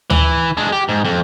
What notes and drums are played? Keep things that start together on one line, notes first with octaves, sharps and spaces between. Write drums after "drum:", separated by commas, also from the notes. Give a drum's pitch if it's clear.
E3, drum: tom D2
G#3 D4
G4
G#2
F2